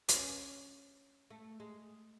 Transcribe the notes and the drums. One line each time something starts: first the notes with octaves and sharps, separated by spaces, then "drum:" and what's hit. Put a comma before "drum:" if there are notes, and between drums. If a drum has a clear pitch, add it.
B3, drum: hi-hat
C#4
A3
G#3